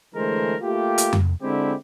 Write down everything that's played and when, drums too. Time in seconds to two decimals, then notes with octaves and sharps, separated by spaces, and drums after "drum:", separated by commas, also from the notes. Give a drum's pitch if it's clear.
0.15 D3 E3 G#3 A3 A#4 C5
0.62 A3 A#3 F4 G4
0.98 drum: hi-hat
1.13 drum: tom F2
1.42 D3 G#3 C4 D4 E4 G4